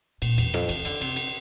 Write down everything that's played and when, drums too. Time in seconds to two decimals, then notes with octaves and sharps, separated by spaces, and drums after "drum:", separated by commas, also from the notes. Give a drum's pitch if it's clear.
0.22 A#2, drum: cymbal
0.38 E2, drum: cymbal
0.54 F2, drum: rim click
0.69 E3, drum: cymbal
0.85 D3, drum: cymbal
1.01 C3, drum: cymbal
1.16 drum: cymbal